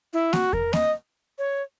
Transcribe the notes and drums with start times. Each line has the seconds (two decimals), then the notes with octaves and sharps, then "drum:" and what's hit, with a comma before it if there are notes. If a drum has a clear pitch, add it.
0.13 E4
0.33 F#4, drum: snare A#3
0.53 A#4, drum: kick E2
0.73 D#5, drum: snare A#3
1.38 C#5